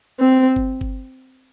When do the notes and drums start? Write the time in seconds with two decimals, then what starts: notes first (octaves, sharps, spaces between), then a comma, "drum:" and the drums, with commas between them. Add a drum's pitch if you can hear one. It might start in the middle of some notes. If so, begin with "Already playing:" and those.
0.20 C4
0.56 drum: kick G1
0.81 drum: kick G1